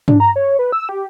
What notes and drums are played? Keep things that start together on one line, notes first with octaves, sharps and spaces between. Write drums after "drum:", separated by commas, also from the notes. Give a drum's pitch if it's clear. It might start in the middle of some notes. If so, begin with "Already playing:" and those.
D4, drum: tom
A#5
C#5
B4
E6
G4